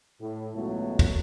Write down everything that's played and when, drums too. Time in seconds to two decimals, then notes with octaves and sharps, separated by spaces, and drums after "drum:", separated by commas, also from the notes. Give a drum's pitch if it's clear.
0.20 A2
0.55 C#2 B2 F#3 A3
0.99 drum: kick, cymbal